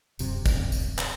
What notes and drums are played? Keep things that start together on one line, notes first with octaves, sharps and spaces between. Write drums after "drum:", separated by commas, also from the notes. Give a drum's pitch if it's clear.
D1 F#2 C3, drum: tambourine
drum: kick, tambourine
drum: tambourine
drum: clap